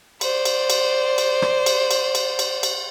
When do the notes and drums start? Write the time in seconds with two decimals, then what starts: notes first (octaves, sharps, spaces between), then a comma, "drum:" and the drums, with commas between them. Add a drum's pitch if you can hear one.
0.21 C5 D5, drum: cymbal
0.45 drum: cymbal
0.70 drum: cymbal
1.18 drum: cymbal
1.42 drum: rim click
1.66 drum: cymbal
1.91 drum: cymbal
2.15 drum: cymbal
2.39 drum: cymbal
2.63 drum: cymbal